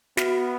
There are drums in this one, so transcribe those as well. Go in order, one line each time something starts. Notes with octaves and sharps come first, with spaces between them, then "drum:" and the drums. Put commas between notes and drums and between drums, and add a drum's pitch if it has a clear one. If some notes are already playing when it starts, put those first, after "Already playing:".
B3 F#4, drum: snare